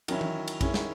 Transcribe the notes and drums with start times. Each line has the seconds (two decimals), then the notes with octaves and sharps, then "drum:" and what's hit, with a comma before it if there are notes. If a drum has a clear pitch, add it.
0.08 D#3 F#3 C#4 E4, drum: cymbal
0.21 drum: tom E3
0.48 drum: cymbal
0.61 D#3 G#3 C#4 E4, drum: kick A#1, cymbal
0.74 drum: snare